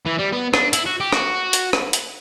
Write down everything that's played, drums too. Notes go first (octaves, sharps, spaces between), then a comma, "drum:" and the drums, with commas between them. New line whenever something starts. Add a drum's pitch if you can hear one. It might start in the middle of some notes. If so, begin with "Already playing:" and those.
E3
G3
B3
D4, drum: rim click
E4, drum: hi-hat
F#4
G4
F#4, drum: rim click
drum: hi-hat
drum: rim click
drum: hi-hat